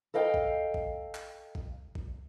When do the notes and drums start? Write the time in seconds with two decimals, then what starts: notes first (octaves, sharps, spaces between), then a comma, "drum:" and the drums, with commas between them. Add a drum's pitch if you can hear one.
0.14 A4 D#5 F5 G5
0.34 drum: kick
0.74 drum: kick
1.15 drum: clap
1.55 drum: kick
1.95 drum: kick